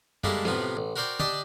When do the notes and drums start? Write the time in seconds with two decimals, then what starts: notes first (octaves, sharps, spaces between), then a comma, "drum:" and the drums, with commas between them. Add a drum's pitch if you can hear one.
0.24 G3 G#3 A#3 D4 E4 A4, drum: tom F#2
0.45 A2 C3 F3 B3 F4 F#4, drum: snare
0.77 A1
0.96 F#4 A#4 C5 D5 G5
1.20 D4 G4 D5 D#5 A5, drum: tom D3